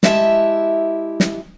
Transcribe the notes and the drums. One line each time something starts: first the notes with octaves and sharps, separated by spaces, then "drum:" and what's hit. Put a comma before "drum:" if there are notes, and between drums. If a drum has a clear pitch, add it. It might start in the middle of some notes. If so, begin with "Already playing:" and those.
G#3 E4 G4 E5 G#5 A5, drum: snare
drum: snare